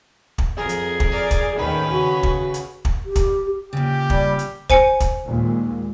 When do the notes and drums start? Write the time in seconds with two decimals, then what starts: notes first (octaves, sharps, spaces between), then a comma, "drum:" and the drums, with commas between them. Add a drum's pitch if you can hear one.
0.38 drum: kick
0.57 F2 G#4 A#4
0.69 drum: hi-hat
1.00 drum: kick
1.11 A#4 D5
1.31 drum: kick, hi-hat
1.57 D#2 A2 D#3 C#4 B4
1.91 C#3 F#4
2.23 drum: kick
2.54 drum: hi-hat
2.85 drum: kick
3.06 G4
3.16 drum: kick, hi-hat
3.73 A#2 C#3 G4
4.10 G3, drum: kick
4.39 drum: hi-hat
4.70 C5 G#5 C#7, drum: kick
5.00 drum: kick, hi-hat
5.27 D#2 A#2 G#3